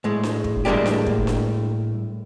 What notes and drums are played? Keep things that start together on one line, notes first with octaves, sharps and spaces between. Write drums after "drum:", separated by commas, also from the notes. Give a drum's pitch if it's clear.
A2 G#3
drum: snare D4
drum: kick
A2 G3 G#3 A#3 D4 G4
drum: snare D4
drum: kick
drum: snare D4